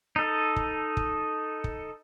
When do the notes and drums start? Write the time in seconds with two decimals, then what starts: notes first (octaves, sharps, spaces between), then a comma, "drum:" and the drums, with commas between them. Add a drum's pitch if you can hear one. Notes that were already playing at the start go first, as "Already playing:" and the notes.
0.16 D#4 A4
0.56 drum: kick
0.97 drum: kick
1.64 drum: kick